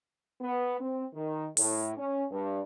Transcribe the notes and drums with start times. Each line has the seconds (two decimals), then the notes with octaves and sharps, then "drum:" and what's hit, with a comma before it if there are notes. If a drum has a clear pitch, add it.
0.41 B3
0.80 C4
1.14 D#3
1.57 A2, drum: open hi-hat
1.96 C#4
2.31 G2